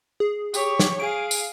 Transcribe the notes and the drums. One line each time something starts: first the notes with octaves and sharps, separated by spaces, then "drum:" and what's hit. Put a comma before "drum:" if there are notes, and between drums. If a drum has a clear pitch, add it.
G#4
G4 C#5, drum: tambourine
drum: snare
G#4 F5 D7
drum: tambourine